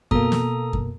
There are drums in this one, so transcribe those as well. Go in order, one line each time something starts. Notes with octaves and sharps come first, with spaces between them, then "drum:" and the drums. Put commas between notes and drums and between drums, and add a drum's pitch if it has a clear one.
B2 A#3 A4 A#5 D#6, drum: kick F#2
drum: snare
drum: kick F#2